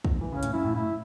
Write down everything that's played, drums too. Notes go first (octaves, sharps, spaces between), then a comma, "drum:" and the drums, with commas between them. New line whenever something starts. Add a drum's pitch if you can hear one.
drum: kick
E3
C#3 C#4
A2, drum: hi-hat
F#2 E4
A2
A2 E4